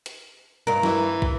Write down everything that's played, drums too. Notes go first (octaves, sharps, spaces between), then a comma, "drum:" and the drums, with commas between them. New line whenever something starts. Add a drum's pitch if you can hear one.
drum: hi-hat
G2 A#4
E3, drum: snare
drum: kick